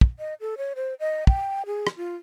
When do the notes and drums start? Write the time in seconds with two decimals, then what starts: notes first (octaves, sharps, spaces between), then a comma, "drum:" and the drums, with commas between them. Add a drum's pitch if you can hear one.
0.01 drum: kick
0.19 D#5
0.41 A4
0.58 C#5
0.76 C5
1.00 D#5
1.27 G5, drum: kick
1.66 G#4
1.87 drum: rim click
1.97 F4